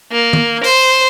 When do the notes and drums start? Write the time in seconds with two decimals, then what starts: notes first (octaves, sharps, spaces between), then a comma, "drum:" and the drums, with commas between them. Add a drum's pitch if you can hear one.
0.12 A#3
0.33 drum: tom D#3
0.64 C5, drum: open hi-hat